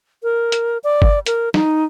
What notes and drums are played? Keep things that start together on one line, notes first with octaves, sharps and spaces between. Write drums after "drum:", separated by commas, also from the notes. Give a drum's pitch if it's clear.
A#4
drum: hi-hat
D5
drum: kick G1
A#4, drum: hi-hat
D#4, drum: snare